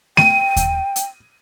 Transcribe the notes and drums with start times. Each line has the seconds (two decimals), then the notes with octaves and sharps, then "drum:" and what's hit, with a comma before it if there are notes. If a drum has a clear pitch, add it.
0.17 G5 D#7, drum: snare A3
0.56 drum: kick D#2, hi-hat
0.96 drum: hi-hat